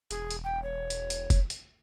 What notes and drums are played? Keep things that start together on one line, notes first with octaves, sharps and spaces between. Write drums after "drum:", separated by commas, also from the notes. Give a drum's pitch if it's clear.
E1 G#4, drum: hi-hat
drum: hi-hat
G5
C#5
drum: hi-hat
drum: hi-hat
drum: kick F1, hi-hat
drum: hi-hat